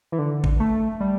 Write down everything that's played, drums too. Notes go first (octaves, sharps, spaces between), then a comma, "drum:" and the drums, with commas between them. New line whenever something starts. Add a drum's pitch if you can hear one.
E3
D3
drum: kick G#1
A3
G3